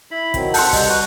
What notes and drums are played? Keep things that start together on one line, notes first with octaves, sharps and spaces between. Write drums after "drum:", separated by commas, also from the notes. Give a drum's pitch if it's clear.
E4 B5
D#3 F#3 C4, drum: kick, hi-hat
A4 F#5 A5 C6 G6, drum: open hi-hat
C3 G3 D#5, drum: kick, open hi-hat
F#4 B4